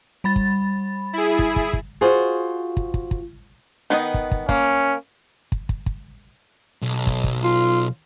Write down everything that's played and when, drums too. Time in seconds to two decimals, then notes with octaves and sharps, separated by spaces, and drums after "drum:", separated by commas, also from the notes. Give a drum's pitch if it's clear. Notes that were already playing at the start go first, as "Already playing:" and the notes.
0.24 G3 B5 A6
0.36 drum: kick
1.13 E4 G#4
1.39 drum: kick
1.56 drum: kick
1.73 drum: kick
2.01 F4 F#4 G#4 C5
2.77 drum: kick
2.94 drum: kick
3.11 drum: kick
3.90 D#3 B3 D#5
4.14 drum: kick
4.31 drum: kick
4.49 A#3 C#4, drum: kick
5.52 drum: kick
5.69 drum: kick
5.86 drum: kick
6.82 B1
7.07 drum: kick
7.24 drum: kick
7.43 F4